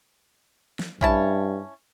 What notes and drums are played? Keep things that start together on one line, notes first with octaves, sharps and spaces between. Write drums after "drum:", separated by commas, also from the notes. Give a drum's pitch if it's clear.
drum: snare
G2 C#4 E4 A5, drum: kick A#1